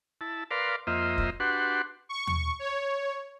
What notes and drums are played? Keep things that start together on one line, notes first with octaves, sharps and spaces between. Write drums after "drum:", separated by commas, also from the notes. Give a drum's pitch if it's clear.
E4 A5
A#4 B4 D5 F5 C6
F2 A#3 F4 C5 D#5 E5
drum: kick
D4 F#4 G4 B4 F#5 C6
C#6
drum: tom D#2
C#5